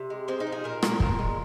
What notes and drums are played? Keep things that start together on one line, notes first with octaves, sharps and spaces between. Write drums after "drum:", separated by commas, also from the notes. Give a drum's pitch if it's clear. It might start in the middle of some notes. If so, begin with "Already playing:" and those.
Already playing: C3
G#3
G#3 C4
D#4
F3
G#4
A#2 A#4
A#2, drum: rim click
A#2 A#4, drum: kick
G#3